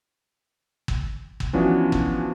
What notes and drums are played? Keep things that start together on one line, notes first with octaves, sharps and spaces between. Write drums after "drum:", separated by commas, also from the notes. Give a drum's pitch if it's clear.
drum: kick
drum: kick
E3 F3 B3 C#4 D4 F#4
drum: kick